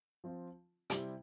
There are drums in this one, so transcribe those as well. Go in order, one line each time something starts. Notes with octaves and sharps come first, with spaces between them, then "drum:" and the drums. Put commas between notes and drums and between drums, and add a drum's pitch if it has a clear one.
F3 C4 F4
C3 G3 C4 E4, drum: hi-hat